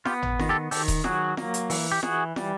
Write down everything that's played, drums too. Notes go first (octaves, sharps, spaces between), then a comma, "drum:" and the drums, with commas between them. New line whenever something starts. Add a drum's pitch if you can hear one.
B3 F4 G4, drum: snare
drum: tom G#1
D#3, drum: snare
G4 A4
D#3 G4 A4, drum: open hi-hat
drum: kick D#1, hi-hat
F#3 F#4 G#4, drum: snare
A#3, drum: snare
drum: hi-hat
E3, drum: open hi-hat
G4
E3 F#4 G#4, drum: snare
G3, drum: snare